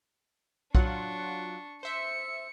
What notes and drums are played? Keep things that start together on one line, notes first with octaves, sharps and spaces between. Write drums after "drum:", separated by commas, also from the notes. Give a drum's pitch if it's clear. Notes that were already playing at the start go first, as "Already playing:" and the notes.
F#3 D4 F4 F#5 C#6, drum: kick
C5 E5 C#7